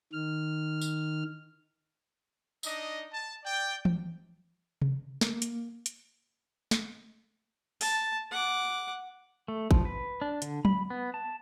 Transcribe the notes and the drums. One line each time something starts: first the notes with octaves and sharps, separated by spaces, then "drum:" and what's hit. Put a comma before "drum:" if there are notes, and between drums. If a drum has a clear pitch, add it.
D#3 F6
drum: tambourine
D4 D#4 D#5, drum: tambourine
A5
D5 G5
drum: tom E3
drum: tom C3
A#3, drum: snare
drum: hi-hat
drum: hi-hat
drum: snare
A5, drum: open hi-hat
F#5 D6
A3
F3, drum: kick A1
B4
D4
D3, drum: hi-hat
B5, drum: tom F#3
B3
A5